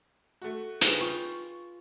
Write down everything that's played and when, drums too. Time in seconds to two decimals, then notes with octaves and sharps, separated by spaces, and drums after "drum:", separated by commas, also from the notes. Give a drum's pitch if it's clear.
0.42 A3 F#4
0.81 G#4 B4 G5, drum: hi-hat
1.01 F4 C#6